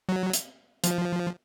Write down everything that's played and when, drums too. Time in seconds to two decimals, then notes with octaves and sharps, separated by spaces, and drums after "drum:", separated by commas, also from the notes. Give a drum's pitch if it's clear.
0.09 F#3
0.33 drum: hi-hat
0.84 F3, drum: hi-hat